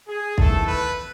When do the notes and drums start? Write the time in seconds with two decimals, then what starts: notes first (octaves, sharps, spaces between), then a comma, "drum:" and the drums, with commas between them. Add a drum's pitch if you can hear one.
0.08 G#4
0.38 E2 D#3 A3 A4, drum: kick
0.66 B4